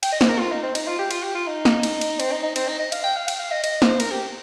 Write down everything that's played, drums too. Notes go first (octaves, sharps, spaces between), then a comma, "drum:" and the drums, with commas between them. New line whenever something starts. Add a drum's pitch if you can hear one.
G5, drum: cymbal
D#5
C5, drum: snare
A#4
F4
D#4
C4
D#4, drum: cymbal
F4
G4
F4, drum: cymbal
G4
F4
D#4
drum: snare
drum: cymbal
drum: cymbal
C4, drum: cymbal
D#4
D#4
C4, drum: cymbal
D#4
D#5
F5, drum: cymbal
G5
F5
G5, drum: cymbal
F5
D#5
D#5, drum: cymbal
C5, drum: snare
A#4, drum: cymbal
G4